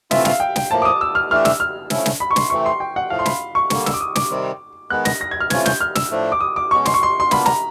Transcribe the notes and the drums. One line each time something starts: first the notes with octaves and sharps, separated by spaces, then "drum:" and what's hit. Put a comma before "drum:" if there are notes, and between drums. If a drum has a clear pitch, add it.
C3 E3 A3 C4 F4 E5, drum: snare
F5, drum: snare
G5
G5, drum: snare
A2 F3 A#3 A5
D6
D#6
E6
F6
E3 A3 D4 G4 F6
E6, drum: snare
F6
F3 A3 C#4 E4, drum: snare
drum: snare
B5
C#6
C6, drum: snare
C3 E3 A3 C4 C#6
C6
G5
F#5
A2 F3 A3 F5
C6
B5, drum: snare
C#6
D3 G3 A#3 C#6, drum: snare
E6, drum: snare
D6
D#6
D6, drum: snare
C3 D#3 G3 C4
D#3 G#3 B3 F#6
A#6, drum: snare
A#6
G#6
F6
C3 E3 A3 C#4 F4 G#6, drum: snare
G6, drum: snare
F6
E6, drum: snare
A2 F3 A3 D4
D6
D#6
D6
B2 G#3 C#4 C#6
C6, drum: snare
C#6
C6
C6
B2 G3 A#3 D4 F4 B5, drum: snare
A#5, drum: snare